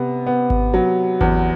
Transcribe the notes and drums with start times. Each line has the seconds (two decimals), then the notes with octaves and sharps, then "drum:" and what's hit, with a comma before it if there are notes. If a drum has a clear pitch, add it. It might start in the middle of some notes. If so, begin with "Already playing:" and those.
Already playing: C3 B3
0.27 B3
0.50 drum: kick G#1
0.74 F#3
1.21 E2, drum: kick G#1